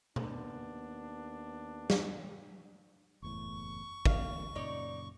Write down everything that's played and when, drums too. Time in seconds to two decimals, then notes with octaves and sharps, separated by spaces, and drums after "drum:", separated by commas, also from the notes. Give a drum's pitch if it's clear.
0.16 D#2 B3 D4, drum: tom B2
1.90 drum: snare
3.22 F#1 E2 A2 C#6
4.05 D3 F5, drum: kick
4.55 F#2 A#2 C#3 D#4 C#5 D5